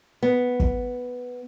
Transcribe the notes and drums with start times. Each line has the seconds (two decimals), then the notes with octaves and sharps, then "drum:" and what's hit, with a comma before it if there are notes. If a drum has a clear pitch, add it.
0.23 B3
0.60 drum: kick